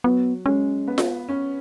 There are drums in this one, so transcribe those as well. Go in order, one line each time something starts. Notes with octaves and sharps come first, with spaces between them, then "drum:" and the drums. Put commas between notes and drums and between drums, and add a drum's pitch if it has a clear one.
F#3 B3
G#3 C#4
B3
drum: snare F4
C#4